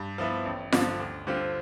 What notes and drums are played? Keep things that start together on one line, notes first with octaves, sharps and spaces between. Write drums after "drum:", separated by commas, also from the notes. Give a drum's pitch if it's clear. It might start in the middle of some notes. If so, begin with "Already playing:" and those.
Already playing: G2
F3 B3 E4 B4
A1
G2 D3 F3, drum: snare F4
D2
D3 G3 C4 F4